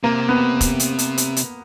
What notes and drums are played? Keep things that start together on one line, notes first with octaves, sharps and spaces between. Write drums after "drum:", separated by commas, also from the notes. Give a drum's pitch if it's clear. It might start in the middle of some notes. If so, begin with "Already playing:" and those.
C3 A#3
B3
drum: kick E1, hi-hat
drum: hi-hat
drum: hi-hat
drum: hi-hat
drum: hi-hat